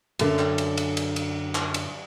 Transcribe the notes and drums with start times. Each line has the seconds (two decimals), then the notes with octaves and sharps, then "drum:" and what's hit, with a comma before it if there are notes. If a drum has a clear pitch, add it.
0.19 F#2 D3, drum: cymbal
0.39 drum: clap
0.58 drum: cymbal
0.77 drum: cymbal
0.97 drum: cymbal
1.16 drum: cymbal
1.55 drum: clap
1.74 drum: cymbal